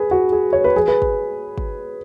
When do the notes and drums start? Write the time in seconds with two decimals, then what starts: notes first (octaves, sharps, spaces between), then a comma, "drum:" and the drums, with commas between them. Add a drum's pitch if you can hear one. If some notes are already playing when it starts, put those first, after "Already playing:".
Already playing: G#4 B4
0.11 F#4
0.32 G#4
0.53 C#5
0.64 B4
0.76 G#4, drum: tom E3
0.88 B4
1.02 drum: kick
1.58 drum: kick